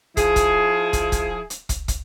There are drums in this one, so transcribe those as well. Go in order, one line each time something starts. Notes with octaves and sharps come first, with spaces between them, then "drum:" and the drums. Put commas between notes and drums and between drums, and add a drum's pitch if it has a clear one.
F3 E4 G#4, drum: kick, hi-hat
drum: kick, hi-hat
drum: kick, hi-hat
drum: kick, hi-hat
drum: hi-hat
drum: kick, hi-hat
drum: kick, hi-hat